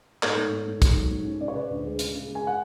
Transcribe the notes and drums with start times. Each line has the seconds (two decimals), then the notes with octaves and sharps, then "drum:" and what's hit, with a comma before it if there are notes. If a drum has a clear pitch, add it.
0.23 G#2 A4 C#5, drum: clap
0.37 G#2
0.52 G#2
0.68 G#2
0.82 G#2, drum: kick, hi-hat
0.97 F#3
1.11 G#2
1.26 C#4
1.41 C#3 D5
1.48 C#5
1.55 C#3 B4 D5
1.70 D2
1.85 G#3
1.99 C#3, drum: hi-hat
2.13 C#3
2.28 G#3
2.35 G#5
2.47 F#5